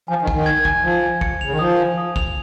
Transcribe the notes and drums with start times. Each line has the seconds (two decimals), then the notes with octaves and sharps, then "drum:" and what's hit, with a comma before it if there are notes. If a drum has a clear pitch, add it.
0.08 F3 G#5
0.22 D#3
0.27 G#5, drum: kick
0.34 D#3
0.46 G#6
0.65 G#5, drum: kick
0.84 F3 G#5
1.03 G#5
1.21 C#7, drum: kick
1.41 C#3 F7
1.52 D#3
1.59 F3 D#6
1.79 G#5
1.98 D#6
2.16 F7, drum: kick